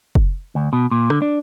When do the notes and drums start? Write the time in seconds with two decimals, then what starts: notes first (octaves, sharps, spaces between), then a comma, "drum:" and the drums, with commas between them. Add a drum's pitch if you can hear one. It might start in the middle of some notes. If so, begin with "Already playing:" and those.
0.15 drum: kick F1
0.55 D2
0.73 B2
0.91 A#2
1.10 D3, drum: rim click
1.22 D4